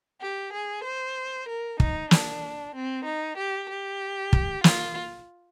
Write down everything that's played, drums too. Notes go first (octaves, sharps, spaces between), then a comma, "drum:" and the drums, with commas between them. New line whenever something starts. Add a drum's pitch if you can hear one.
G4
G#4
C5
A#4
D#4, drum: kick
D4, drum: snare
C4
D#4
G4
G4
drum: kick
F4, drum: snare